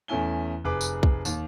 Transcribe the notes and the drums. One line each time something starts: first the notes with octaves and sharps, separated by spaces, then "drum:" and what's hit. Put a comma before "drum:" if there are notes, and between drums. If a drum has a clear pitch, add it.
E2 A3 C#4 E4 G#5 G7
F1 G#4 B4 D6
drum: tambourine
drum: kick B1
D#2, drum: tambourine